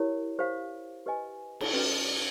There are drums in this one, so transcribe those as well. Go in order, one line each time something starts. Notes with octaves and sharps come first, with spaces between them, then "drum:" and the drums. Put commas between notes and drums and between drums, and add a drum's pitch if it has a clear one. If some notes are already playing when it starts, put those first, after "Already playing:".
Already playing: E4 G4 A#4 C#5
G4 C5 F5
G4 B4 D#5 G#5
drum: cymbal
C#4 F#4 B4